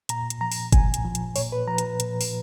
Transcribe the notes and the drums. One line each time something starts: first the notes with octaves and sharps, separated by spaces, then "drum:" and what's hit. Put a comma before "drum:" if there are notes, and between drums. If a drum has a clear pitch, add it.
A#2 A#5, drum: hi-hat
drum: hi-hat
F3 A#5
drum: open hi-hat
A#2 G#5, drum: kick G1, hi-hat
drum: hi-hat
F3
drum: hi-hat
A#2 C#5, drum: open hi-hat
B4
F3 A#5
drum: hi-hat
A#2, drum: hi-hat
drum: open hi-hat